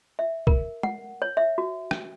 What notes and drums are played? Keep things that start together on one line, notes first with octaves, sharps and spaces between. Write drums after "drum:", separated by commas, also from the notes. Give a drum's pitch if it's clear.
E5
A#4, drum: kick
F#5, drum: tom
C#5
E5
F#4
drum: rim click